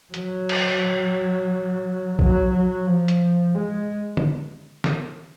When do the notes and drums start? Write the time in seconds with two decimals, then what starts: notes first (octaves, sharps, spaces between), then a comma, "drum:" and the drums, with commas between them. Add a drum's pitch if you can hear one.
0.14 F#3, drum: hi-hat
0.49 drum: cymbal
2.19 F#3, drum: kick A#1
2.53 F#3
2.87 F3
3.08 drum: hi-hat
3.55 G#3
4.17 drum: tom
4.84 drum: snare